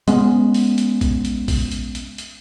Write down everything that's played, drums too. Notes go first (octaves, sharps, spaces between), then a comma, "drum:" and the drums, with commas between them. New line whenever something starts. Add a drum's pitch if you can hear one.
G#3 B3 C#4, drum: hi-hat
drum: open hi-hat
drum: hi-hat
drum: kick A#1, hi-hat
drum: hi-hat
drum: kick A#1, open hi-hat
drum: hi-hat
drum: hi-hat
drum: hi-hat